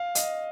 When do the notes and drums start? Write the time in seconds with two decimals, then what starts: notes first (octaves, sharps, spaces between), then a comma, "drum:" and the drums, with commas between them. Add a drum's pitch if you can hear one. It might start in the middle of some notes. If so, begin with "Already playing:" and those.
Already playing: F5
0.15 D#5, drum: hi-hat